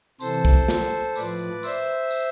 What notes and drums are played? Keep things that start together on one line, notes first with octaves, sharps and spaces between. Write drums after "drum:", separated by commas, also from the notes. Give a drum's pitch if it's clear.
C3 E3 A4 C5, drum: tambourine
drum: kick B1
drum: snare
A2 F3 B4 D5, drum: tambourine
C5 E5, drum: tambourine
drum: tambourine